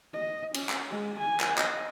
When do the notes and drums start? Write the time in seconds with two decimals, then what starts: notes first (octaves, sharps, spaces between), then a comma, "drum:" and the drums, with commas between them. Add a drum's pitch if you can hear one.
0.13 D#5
0.54 C#4, drum: cymbal
0.69 drum: clap
0.90 G#3
1.19 G#5
1.40 drum: clap
1.57 D#5, drum: clap